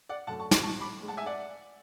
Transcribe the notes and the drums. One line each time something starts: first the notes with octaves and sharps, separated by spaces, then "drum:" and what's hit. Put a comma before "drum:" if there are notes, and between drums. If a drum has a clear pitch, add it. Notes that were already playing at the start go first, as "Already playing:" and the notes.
D5 F#5
F#2 D3 A3 F#5 A5
A5 C#6
B5 D6, drum: snare
A5 C#6
B5 D6
A2 G#3
F#5 A5
E5 G#5
D5 F#5